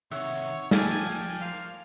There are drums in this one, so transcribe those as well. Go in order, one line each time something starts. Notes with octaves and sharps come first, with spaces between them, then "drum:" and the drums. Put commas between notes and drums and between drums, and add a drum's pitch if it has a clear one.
C3 D#3 C#5 E5 F#5
F3 A4 D5 G5 G#5 F6 G6, drum: snare
A#3 C5 F5